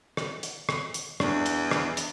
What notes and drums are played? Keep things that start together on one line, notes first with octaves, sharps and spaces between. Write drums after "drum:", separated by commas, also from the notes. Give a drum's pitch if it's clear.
drum: rim click
drum: hi-hat
drum: rim click
drum: hi-hat
E2 D4, drum: rim click
drum: hi-hat
drum: rim click
drum: hi-hat